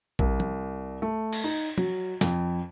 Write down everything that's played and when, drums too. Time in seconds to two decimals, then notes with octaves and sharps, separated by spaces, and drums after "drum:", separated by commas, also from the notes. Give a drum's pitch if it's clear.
0.19 C2, drum: kick A#1
0.40 drum: tom
1.02 A3
1.33 drum: cymbal
1.44 D#4
1.78 F#3, drum: tom
2.21 F2, drum: snare